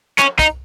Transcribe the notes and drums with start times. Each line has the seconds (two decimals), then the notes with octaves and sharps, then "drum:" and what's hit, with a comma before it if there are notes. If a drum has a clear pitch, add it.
0.19 C#4, drum: clap
0.39 D#4, drum: kick, hi-hat